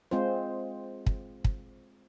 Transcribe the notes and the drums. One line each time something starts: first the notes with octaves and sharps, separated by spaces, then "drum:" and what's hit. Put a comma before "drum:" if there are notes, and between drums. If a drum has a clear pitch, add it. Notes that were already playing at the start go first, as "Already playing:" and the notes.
G#3 C4 F4 C5
drum: kick
drum: kick